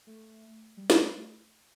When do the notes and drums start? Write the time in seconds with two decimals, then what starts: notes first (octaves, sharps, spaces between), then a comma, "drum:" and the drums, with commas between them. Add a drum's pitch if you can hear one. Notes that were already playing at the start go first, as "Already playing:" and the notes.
0.07 A3
0.77 G3
0.90 G3, drum: snare
1.01 A3